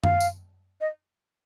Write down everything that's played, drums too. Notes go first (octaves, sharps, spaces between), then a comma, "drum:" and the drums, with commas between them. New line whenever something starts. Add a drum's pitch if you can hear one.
F5, drum: tom F#2
drum: tambourine
D#5